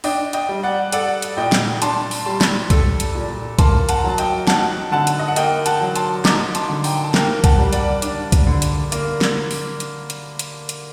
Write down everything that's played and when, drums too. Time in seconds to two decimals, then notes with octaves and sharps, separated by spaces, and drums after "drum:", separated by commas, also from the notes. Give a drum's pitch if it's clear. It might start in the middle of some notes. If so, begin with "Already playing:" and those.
0.04 D4 D#5 G5, drum: open hi-hat
0.33 D#5 G5, drum: hi-hat
0.49 G3
0.63 D5 F#5
0.92 A4 D5 F#5, drum: hi-hat
1.22 drum: hi-hat
1.37 A#2 D#5 G5
1.52 drum: snare
1.82 D4 A5 C6, drum: hi-hat
2.11 drum: open hi-hat
2.26 G3 A5 C6
2.41 drum: snare
2.70 A4, drum: kick, hi-hat
3.00 drum: hi-hat
3.15 A#2
3.59 A#3 A5 C6, drum: kick, hi-hat
3.89 F#5 A5, drum: hi-hat
3.99 A#5
4.04 F#3 A5
4.18 D#5 G5, drum: hi-hat
4.47 D#4 F#5 A5, drum: snare
4.92 D3 F#5 A5
5.07 drum: hi-hat
5.19 D#5
5.28 F#5
5.36 A#3 D#5 G5, drum: hi-hat
5.66 F#5 A5, drum: hi-hat
5.81 F#3
5.96 A5 C6, drum: hi-hat
6.25 D#4 A#5 D6, drum: snare
6.55 A5 C6, drum: hi-hat
6.70 D3
6.84 G5 A#5, drum: open hi-hat
7.04 A5
7.14 A#3 G5 A#5, drum: snare
7.44 F#5 A5, drum: kick, hi-hat
7.58 G3
7.73 D5 F#5, drum: hi-hat
8.02 D4, drum: hi-hat
8.32 drum: kick, hi-hat
8.47 D3
8.62 drum: hi-hat
8.92 A#3, drum: hi-hat
9.21 drum: snare
9.51 drum: open hi-hat
9.80 drum: hi-hat
10.10 drum: hi-hat
10.39 drum: hi-hat
10.69 drum: hi-hat